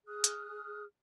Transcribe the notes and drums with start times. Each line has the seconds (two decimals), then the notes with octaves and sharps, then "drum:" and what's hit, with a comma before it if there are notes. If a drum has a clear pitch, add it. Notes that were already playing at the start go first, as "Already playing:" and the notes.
0.06 G#4 D#6 F6 F#6
0.24 drum: hi-hat